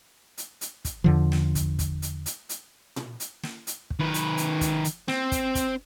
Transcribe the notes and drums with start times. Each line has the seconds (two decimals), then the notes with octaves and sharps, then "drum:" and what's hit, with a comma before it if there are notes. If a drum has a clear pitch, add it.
0.38 drum: hi-hat
0.61 drum: hi-hat
0.85 drum: kick, hi-hat
1.04 E2 D3 F3
1.32 drum: snare
1.55 drum: kick, hi-hat
1.79 drum: kick, hi-hat
2.02 drum: hi-hat
2.26 drum: hi-hat
2.49 drum: hi-hat
2.96 drum: tom A#2
3.20 drum: hi-hat
3.43 drum: snare
3.67 drum: hi-hat
3.90 drum: kick
3.99 D#3 B4
4.14 drum: hi-hat
4.37 drum: hi-hat
4.61 drum: kick, hi-hat
4.85 drum: hi-hat
5.08 C4, drum: snare
5.32 drum: kick, hi-hat
5.55 drum: kick, hi-hat